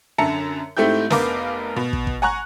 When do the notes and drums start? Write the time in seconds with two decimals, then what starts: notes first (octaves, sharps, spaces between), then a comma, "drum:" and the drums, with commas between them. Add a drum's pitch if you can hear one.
0.18 F#2 D3 E5 A5 A#5 C#7
0.77 G#2 A3 C4 E4 G4 G6
1.10 F1 B3 A#4 F5 D6, drum: snare
1.76 B2
1.93 drum: kick
2.07 drum: kick
2.22 F#5 G#5 A#5 C#6 F#6